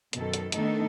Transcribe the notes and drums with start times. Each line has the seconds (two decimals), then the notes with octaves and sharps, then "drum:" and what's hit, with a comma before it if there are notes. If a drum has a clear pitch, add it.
0.13 F#2 B2 D#3 A4, drum: hi-hat
0.34 drum: hi-hat
0.52 D#3 A3 B3 D4 D#4 A4, drum: hi-hat